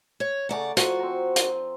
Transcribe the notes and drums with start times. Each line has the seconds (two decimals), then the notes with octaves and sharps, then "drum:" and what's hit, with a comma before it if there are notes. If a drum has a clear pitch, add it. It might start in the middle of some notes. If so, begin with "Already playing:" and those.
0.20 C#5
0.49 C#3 A3 D5 F#5 A5 A#5
0.77 F3 F#4, drum: hi-hat
0.99 C4 A#5
1.36 drum: hi-hat